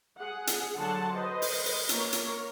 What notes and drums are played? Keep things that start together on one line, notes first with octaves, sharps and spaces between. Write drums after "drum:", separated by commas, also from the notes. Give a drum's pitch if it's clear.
G#4 F#5
drum: hi-hat
D3 F#3 F#5 A5 C6
B4 C5 D#5
drum: open hi-hat
drum: open hi-hat
A#3 A#4 C#5, drum: hi-hat
drum: hi-hat